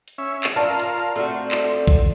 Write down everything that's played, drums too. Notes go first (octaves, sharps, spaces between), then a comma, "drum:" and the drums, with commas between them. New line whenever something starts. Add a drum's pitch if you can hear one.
drum: hi-hat
C#4 E5
drum: clap
F4 A#4 D5 F5 A5
drum: hi-hat
A3 C4 D4 F#4
drum: clap
drum: kick B1